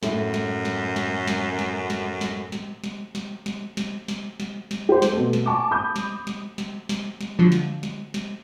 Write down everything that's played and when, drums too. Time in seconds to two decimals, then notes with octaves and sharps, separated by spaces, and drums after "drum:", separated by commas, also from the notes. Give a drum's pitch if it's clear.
0.03 F#2 A2, drum: snare
0.34 drum: snare
0.65 drum: snare
0.96 drum: snare
1.27 drum: snare
1.59 drum: snare
1.90 drum: snare
2.21 drum: snare
2.52 drum: snare
2.84 drum: snare
3.15 drum: snare
3.46 drum: snare
3.77 drum: snare
4.08 drum: snare
4.40 drum: snare
4.71 drum: snare
4.89 G4 C5
5.02 drum: snare
5.13 B2 A3
5.33 drum: snare
5.46 G#5 A5 C#6 D6
5.71 B5 D#6 G6
5.96 drum: snare
6.27 drum: snare
6.58 drum: snare
6.89 drum: snare
7.21 drum: snare
7.39 D3 F3 F#3
7.52 drum: snare
7.83 drum: snare
8.14 drum: snare